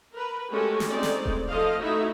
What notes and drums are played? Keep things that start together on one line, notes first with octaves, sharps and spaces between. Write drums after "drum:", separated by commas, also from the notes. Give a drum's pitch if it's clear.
A#4 B4
G#3 A3 C#4 F#4 G4 A4
drum: snare
G#3 A3 C4 D#4 D5
drum: snare
drum: kick D#1
F3 A4 D#5 F5
A3 D#4 E4 F#4 E5